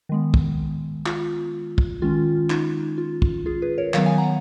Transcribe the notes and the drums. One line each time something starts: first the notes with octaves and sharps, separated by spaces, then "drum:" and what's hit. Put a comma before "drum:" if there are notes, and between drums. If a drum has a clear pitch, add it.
D#3 G#3 B3
drum: kick
F4, drum: clap
drum: kick
D#3 G#3 C#4 F4
D#4, drum: clap
F4
drum: kick
F4 G#4
G#4 B4
A#4 C#5
D#3 F#3 B3 C#5 F5, drum: clap
F5 G#5
F#5 A#5